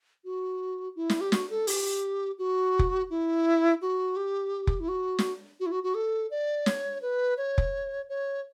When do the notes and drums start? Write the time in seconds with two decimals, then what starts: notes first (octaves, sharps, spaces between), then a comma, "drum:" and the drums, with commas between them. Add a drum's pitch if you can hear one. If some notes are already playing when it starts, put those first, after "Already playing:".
0.24 F#4
0.96 E4
1.10 drum: snare
1.21 G4
1.32 F#4, drum: snare
1.50 A4
1.67 G4, drum: open hi-hat
2.38 F#4
2.79 drum: kick F1
3.10 E4
3.82 F#4
4.16 G4
4.67 drum: kick F1
4.80 E4
4.88 F#4
5.19 drum: snare
5.60 F#4
5.66 E4
5.71 F#4
5.83 F#4
5.95 A4
6.31 D5
6.66 C#5, drum: snare
7.02 B4
7.38 C#5
7.58 drum: kick F1
8.09 C#5